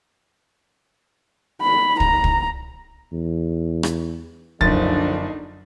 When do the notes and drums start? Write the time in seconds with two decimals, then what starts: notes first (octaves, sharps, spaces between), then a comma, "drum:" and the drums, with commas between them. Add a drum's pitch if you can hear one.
1.62 B5
2.00 A#5, drum: kick
2.24 drum: kick
3.12 E2
3.83 drum: rim click
4.61 F#1 D3 F3 D4 D#4 A6, drum: kick